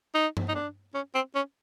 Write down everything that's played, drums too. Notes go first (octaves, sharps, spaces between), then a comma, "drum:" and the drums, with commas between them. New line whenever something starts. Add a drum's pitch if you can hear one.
D#4
drum: tom G2
D#4
D4
C#4
C4
C#4